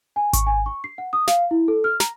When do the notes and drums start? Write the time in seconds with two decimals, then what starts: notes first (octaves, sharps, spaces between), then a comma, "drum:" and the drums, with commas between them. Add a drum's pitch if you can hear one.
0.16 G#5
0.33 C#6, drum: kick G#1, hi-hat
0.47 G#5
0.66 C#6
0.84 C7
0.98 F#5
1.13 D#6
1.28 F5, drum: snare
1.51 E4
1.68 A4
1.84 F6
2.00 A#5, drum: snare